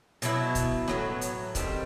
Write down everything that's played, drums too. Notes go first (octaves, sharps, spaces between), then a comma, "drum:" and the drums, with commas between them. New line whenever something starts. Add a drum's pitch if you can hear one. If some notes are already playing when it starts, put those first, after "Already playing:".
B2 F#3 B3 E4, drum: hi-hat
drum: kick C#1, hi-hat
A2 F#3 B3, drum: snare
drum: hi-hat
D#3 G3 C4, drum: kick C#1, hi-hat